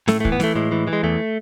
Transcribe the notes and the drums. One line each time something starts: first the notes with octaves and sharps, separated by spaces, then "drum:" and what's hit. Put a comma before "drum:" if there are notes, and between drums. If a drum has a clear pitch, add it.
A2 A3, drum: snare
A3
E3, drum: kick
B3
E3 A3, drum: snare
A2 G#3
E3
E3
G#3
E2 A3